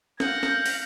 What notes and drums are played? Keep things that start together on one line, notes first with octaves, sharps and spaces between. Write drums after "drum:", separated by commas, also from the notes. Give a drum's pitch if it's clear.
F5 F#5 G6 A#6, drum: snare
drum: snare
drum: open hi-hat